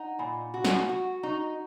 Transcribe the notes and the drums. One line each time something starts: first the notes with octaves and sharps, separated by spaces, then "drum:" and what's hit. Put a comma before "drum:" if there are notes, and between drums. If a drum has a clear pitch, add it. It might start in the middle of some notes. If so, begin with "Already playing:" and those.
Already playing: D#4 F#5 A#5
A#2 G#5 B5
F#4
drum: snare
F#4
D#4 A#5 C#6